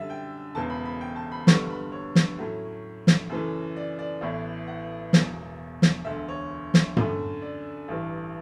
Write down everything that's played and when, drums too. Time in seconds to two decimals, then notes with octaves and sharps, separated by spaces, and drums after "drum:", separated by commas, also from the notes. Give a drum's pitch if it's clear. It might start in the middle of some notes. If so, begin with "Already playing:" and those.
Already playing: F#2 D3 G3 E5
0.10 G5
0.55 E1 E2 C#3 A5
0.70 B5
0.85 B5
1.01 G5
1.16 A5
1.32 B5
1.47 G2 D3 G3 B3 C#6, drum: snare
1.70 B5
1.92 C#5
2.15 drum: snare
2.38 A2 F#3 A3 C#4
3.07 drum: snare
3.29 F#2 C#3 E3 A3
3.76 D5
3.99 D5
4.21 A1 A2 E3 B3
4.67 F#5
5.13 E1 E2 B2, drum: snare
5.82 drum: snare
6.05 E1 D2 D3 E5
6.29 C#5
6.74 drum: snare
6.97 F#2 D3 A3, drum: tom G2
7.42 D5
7.88 A1 G2 E3